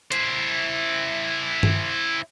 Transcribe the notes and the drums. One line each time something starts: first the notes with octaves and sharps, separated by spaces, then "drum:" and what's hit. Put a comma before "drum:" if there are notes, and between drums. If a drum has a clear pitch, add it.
E4 C5, drum: hi-hat
drum: tom G2